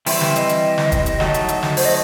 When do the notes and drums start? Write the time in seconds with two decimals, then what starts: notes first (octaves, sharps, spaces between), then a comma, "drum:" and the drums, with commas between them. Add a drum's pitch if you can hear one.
0.06 E3 G3 C4 E4 E5, drum: open hi-hat
0.21 drum: snare
0.36 D#5, drum: hi-hat
0.49 drum: hi-hat
0.78 drum: snare
0.92 drum: kick, hi-hat
1.06 drum: hi-hat
1.20 F#3 A3 D#4, drum: snare
1.34 drum: hi-hat
1.48 drum: hi-hat
1.63 drum: snare
1.77 C5, drum: open hi-hat
1.85 D#5